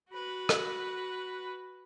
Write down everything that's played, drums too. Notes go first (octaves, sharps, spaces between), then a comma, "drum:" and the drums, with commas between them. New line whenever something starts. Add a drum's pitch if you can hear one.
F#4 B4
drum: rim click